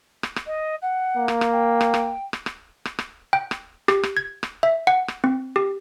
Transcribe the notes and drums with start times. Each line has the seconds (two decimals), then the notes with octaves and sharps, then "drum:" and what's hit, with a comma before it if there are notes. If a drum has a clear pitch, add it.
0.23 drum: rim click
0.36 drum: rim click
0.47 D#5
0.82 F#5
1.17 A#3
1.28 drum: rim click
1.41 drum: rim click
1.52 G5
1.81 drum: rim click
1.94 drum: rim click
2.33 drum: rim click
2.46 drum: rim click
2.85 drum: rim click
2.99 drum: rim click
3.33 G5
3.51 drum: rim click
3.88 G4, drum: rim click
4.03 drum: rim click
4.17 G#6
4.43 drum: rim click
4.63 E5
4.87 F#5
5.08 drum: rim click
5.24 C4
5.56 G4